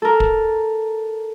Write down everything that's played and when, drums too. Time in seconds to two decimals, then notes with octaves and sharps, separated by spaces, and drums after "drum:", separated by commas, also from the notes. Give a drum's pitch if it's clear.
0.02 A4 A#4
0.20 drum: kick